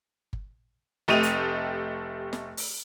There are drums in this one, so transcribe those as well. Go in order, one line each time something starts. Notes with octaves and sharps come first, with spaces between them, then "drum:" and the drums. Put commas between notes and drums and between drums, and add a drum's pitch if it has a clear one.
drum: kick G1
F1 A3 G4 D#5 D#7 F7
drum: hi-hat
drum: snare
drum: open hi-hat